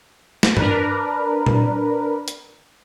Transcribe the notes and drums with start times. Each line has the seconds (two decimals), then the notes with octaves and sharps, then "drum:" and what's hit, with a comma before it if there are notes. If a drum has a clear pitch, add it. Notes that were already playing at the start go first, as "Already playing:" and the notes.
0.43 drum: snare
0.57 D4 A#4 B4, drum: tom
1.46 drum: tom A#2
2.28 drum: hi-hat